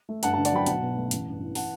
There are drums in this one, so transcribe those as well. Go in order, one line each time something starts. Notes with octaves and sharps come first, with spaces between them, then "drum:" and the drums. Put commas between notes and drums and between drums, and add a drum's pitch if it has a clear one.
A3
G2 F#5 A5, drum: hi-hat
F#5 A5
D3
D5 F#5, drum: hi-hat
F#3 G5 B5
B1 F#5 A5, drum: hi-hat
B2
A3
A1, drum: hi-hat
G2
E3
F#5 A5, drum: open hi-hat